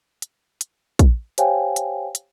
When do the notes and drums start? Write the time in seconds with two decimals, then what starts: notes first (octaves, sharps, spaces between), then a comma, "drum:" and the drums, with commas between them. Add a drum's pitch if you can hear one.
0.22 drum: hi-hat
0.61 drum: hi-hat
0.99 drum: kick, hi-hat
1.38 G4 C5 C#5 F5 G5 G#5, drum: hi-hat
1.76 drum: hi-hat
2.15 drum: hi-hat